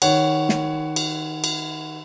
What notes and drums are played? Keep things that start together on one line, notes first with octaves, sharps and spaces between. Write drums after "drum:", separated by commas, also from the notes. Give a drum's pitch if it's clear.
D#3 C#5 F#5, drum: cymbal
drum: snare
drum: cymbal
drum: cymbal